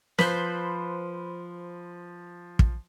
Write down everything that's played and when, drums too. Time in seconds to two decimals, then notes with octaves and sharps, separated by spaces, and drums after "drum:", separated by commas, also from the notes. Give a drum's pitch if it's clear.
0.19 F3 B4 C5, drum: snare
2.59 drum: kick